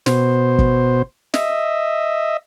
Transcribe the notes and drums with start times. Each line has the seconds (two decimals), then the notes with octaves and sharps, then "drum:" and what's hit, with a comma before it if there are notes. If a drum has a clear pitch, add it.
0.06 B2 C5, drum: snare
0.59 drum: kick G1
1.34 D#5 E5, drum: snare